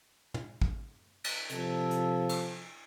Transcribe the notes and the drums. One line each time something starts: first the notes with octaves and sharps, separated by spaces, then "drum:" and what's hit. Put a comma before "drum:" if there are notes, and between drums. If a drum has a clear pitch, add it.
drum: tom
drum: kick
drum: cymbal
C3 F3 A4, drum: hi-hat
drum: hi-hat
drum: cymbal